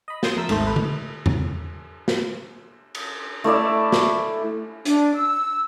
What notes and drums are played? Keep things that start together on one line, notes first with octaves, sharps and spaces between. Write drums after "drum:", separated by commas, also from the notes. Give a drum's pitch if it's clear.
D#5 B5
C6 D#6 G6 A6, drum: snare
F2 A3 A#4 E6 B6
G#1 D#2 A3 C5, drum: cymbal
B4
drum: tom D3
drum: tom E2
drum: snare
drum: cymbal
A3 E4 D5 E5
drum: snare
D4, drum: hi-hat
E6